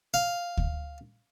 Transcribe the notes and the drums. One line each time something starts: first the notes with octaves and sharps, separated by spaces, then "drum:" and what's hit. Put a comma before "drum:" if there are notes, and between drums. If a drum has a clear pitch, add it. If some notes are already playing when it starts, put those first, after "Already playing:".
F5
drum: kick D2